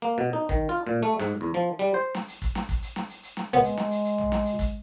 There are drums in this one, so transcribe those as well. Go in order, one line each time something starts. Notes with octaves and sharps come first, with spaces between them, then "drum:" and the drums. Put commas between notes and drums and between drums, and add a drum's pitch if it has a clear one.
A#3
B2
D#4
D#3, drum: kick
F4
A#2
A3
G#2, drum: snare
E2
F3
G3
C5
drum: snare
drum: hi-hat
drum: kick, hi-hat
drum: snare
drum: kick, hi-hat
drum: hi-hat
drum: snare
drum: hi-hat
drum: hi-hat
drum: snare
G#3 B3
drum: hi-hat
drum: snare
drum: hi-hat
drum: hi-hat
drum: tom A#1
drum: snare
drum: hi-hat
drum: kick, hi-hat